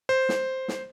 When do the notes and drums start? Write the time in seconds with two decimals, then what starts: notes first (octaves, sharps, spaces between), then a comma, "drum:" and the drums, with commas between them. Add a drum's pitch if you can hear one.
0.09 C5
0.29 drum: snare
0.68 drum: snare